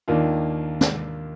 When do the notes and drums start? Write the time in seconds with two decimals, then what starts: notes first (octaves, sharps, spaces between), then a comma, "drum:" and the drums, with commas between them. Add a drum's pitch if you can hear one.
0.08 D#2 D#3 A#3 D4 F4
0.81 drum: snare